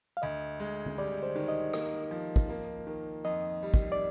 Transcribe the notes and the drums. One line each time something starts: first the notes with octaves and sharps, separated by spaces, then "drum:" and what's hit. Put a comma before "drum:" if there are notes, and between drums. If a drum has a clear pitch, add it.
F5
D2 D#5
G#3
drum: tom D3
G3 D5
C5
D#3
D#5
A#3, drum: rim click
F3
drum: kick
A#3
D#3
F2 D#5
G3
drum: kick
D5